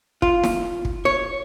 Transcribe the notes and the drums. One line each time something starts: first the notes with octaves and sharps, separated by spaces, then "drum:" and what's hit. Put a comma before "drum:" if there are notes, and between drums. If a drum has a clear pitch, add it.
F4, drum: kick
drum: snare
drum: kick
C#5